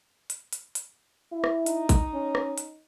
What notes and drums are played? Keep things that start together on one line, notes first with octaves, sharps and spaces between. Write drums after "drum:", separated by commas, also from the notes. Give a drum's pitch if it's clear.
drum: hi-hat
drum: hi-hat
drum: hi-hat
E4
drum: rim click
D#4, drum: hi-hat
drum: kick A1, hi-hat
C#4
drum: rim click
drum: hi-hat